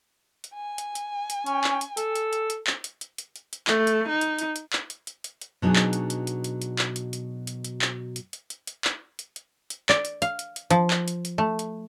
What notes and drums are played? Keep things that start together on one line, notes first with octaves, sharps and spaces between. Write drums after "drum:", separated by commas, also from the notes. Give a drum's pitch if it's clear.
drum: hi-hat
G#5
drum: hi-hat
drum: hi-hat
drum: hi-hat
C#4, drum: hi-hat
drum: clap
drum: hi-hat
A4, drum: hi-hat
drum: hi-hat
drum: hi-hat
drum: hi-hat
drum: clap
drum: hi-hat
drum: hi-hat
drum: hi-hat
drum: hi-hat
drum: hi-hat
A3, drum: clap
drum: hi-hat
D#4
drum: hi-hat
drum: hi-hat
drum: hi-hat
drum: clap
drum: hi-hat
drum: hi-hat
drum: hi-hat
drum: hi-hat
B2 F#3 D4 D#4 G#4
drum: clap
drum: hi-hat
drum: hi-hat
drum: hi-hat
drum: hi-hat
drum: hi-hat
drum: clap
drum: hi-hat
drum: hi-hat
drum: hi-hat
drum: hi-hat
drum: clap
drum: hi-hat
drum: hi-hat
drum: hi-hat
drum: hi-hat
drum: clap
drum: hi-hat
drum: hi-hat
drum: hi-hat
D5, drum: clap
drum: hi-hat
F5, drum: hi-hat
drum: hi-hat
drum: hi-hat
F3, drum: hi-hat
drum: clap
drum: hi-hat
drum: hi-hat
A3
drum: hi-hat